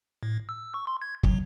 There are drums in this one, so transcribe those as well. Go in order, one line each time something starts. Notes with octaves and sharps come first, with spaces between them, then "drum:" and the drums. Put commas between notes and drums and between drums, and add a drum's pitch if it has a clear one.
A2
E6
C#6
C6
G#6
F#3, drum: kick